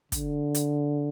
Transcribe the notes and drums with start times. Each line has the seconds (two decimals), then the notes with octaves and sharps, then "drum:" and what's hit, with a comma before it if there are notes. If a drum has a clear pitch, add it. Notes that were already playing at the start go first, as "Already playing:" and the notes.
0.12 D3, drum: kick, hi-hat
0.55 drum: hi-hat